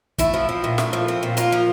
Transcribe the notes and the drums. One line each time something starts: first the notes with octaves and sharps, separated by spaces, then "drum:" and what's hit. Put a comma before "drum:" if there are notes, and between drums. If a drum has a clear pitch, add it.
A3 E4, drum: kick, hi-hat
F3
C4
A#2
A3, drum: snare
F3
C4
A#2
A#3 F4, drum: hi-hat
F3